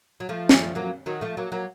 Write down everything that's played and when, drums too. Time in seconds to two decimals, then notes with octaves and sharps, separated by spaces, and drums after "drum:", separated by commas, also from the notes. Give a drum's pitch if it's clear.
0.20 F#3
0.29 F3 A3
0.49 drum: snare
0.75 F#3 A#3
1.06 D#3 F#3
1.21 F3 A3
1.37 F#3 A#3
1.52 F#3 A#3